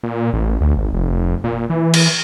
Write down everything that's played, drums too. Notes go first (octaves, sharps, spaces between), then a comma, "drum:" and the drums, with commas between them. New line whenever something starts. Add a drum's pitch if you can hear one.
A#2
A1
D2
G#1
F1
A#2
E3
drum: cymbal